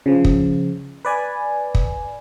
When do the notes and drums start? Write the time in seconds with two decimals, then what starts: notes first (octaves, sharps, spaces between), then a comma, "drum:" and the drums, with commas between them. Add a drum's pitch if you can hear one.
0.06 C#3 F3
0.25 drum: kick
1.05 B4 D5 G#5
1.75 drum: kick